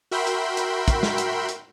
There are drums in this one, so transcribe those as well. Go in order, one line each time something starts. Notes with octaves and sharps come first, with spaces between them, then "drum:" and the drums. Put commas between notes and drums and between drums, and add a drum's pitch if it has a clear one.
F#4 A#4 E5 G5 B5 C6
drum: hi-hat
drum: hi-hat
drum: kick, hi-hat
drum: snare
drum: hi-hat
drum: hi-hat